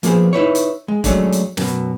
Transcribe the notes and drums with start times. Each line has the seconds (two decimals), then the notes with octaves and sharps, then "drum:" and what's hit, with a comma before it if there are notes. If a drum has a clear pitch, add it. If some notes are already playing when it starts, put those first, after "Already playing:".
0.03 F3 A#3 B3 G#4 C5, drum: hi-hat
0.33 D#4 E4 B4 C#5
0.55 drum: hi-hat
0.88 G#3
1.04 F#3 G#3 A3 C#4 D4, drum: kick, hi-hat
1.32 drum: hi-hat
1.57 F#2 B2, drum: snare